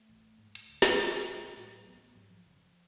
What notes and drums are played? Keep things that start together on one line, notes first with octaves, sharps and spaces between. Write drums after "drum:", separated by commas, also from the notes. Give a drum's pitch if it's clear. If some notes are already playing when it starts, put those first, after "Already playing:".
Already playing: A3
A1
G#2
drum: hi-hat
D2
drum: snare
D3
B1 G#3
G#3
A2
F#3
A1 B3
G#2 F#3
F3
F#1